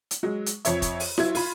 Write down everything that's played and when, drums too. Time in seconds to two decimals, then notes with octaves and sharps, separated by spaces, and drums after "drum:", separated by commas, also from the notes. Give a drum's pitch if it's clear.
0.11 drum: hi-hat
0.23 F#3 G#3
0.46 drum: hi-hat
0.65 F2 C#5 E5, drum: hi-hat
0.82 drum: kick, hi-hat
1.00 drum: open hi-hat
1.18 F#3 E4 F4 G#6, drum: snare E4
1.35 F4 B5, drum: open hi-hat